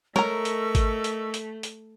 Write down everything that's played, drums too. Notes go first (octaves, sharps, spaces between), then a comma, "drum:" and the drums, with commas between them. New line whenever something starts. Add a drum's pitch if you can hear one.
A3 A#4 C#5 D#5 A#5 C#6 E6, drum: snare
drum: hi-hat
drum: kick G#1, hi-hat
drum: hi-hat
drum: hi-hat
drum: hi-hat